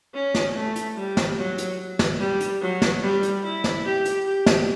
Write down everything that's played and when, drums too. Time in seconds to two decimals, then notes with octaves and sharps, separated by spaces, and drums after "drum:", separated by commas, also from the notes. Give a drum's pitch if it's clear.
0.14 C#4
0.35 drum: snare
0.55 A3
0.76 drum: hi-hat
0.96 G3
1.17 drum: snare
1.37 F#3
1.58 drum: hi-hat
1.99 drum: snare
2.19 G3
2.40 drum: hi-hat
2.61 F#3
2.82 drum: snare
3.02 G3
3.23 drum: hi-hat
3.43 E4
3.64 drum: snare
3.85 G4
4.05 drum: hi-hat
4.26 G4
4.46 drum: snare